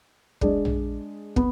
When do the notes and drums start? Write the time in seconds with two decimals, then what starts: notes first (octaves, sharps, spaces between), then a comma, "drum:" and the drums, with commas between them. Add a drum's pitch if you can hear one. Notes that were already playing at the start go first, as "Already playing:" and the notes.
0.41 G#3 D4 G#4 D5, drum: kick
0.65 drum: tom A#1
1.36 B3, drum: kick